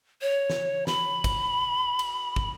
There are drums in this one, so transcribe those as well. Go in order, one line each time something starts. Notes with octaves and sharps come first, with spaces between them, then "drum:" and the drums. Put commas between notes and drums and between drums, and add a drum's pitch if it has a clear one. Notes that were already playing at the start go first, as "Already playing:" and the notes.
C#5
drum: snare
B5, drum: snare
drum: kick, cymbal
drum: cymbal
drum: kick